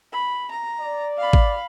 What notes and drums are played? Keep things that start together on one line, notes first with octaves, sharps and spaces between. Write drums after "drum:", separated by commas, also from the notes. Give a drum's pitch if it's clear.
B5
A#5
D5
F5 B5
drum: kick